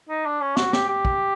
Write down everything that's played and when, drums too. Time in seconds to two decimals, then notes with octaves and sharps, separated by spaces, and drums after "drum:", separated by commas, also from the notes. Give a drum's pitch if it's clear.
0.09 D#4
0.26 D4
0.41 C#4
0.57 F#4, drum: snare
0.73 G4, drum: snare
0.89 G4
1.05 drum: kick